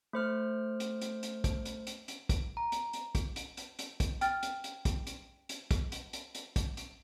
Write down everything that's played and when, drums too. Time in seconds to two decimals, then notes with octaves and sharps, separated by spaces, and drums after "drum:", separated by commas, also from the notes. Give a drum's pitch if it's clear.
0.13 A3 C5 F6
0.80 drum: hi-hat
1.01 drum: hi-hat
1.23 drum: hi-hat
1.44 drum: kick, hi-hat
1.65 drum: hi-hat
1.87 drum: hi-hat
2.08 drum: hi-hat
2.29 drum: kick, hi-hat
2.57 A#5
2.72 drum: hi-hat
2.93 drum: hi-hat
3.15 drum: kick, hi-hat
3.36 drum: hi-hat
3.57 drum: hi-hat
3.79 drum: hi-hat
4.00 drum: kick, hi-hat
4.21 G5 F6 A6, drum: hi-hat
4.43 drum: hi-hat
4.64 drum: hi-hat
4.85 drum: kick, hi-hat
5.07 drum: hi-hat
5.49 drum: hi-hat
5.71 drum: kick, hi-hat
5.92 drum: hi-hat
6.13 drum: hi-hat
6.35 drum: hi-hat
6.56 drum: kick, hi-hat
6.77 drum: hi-hat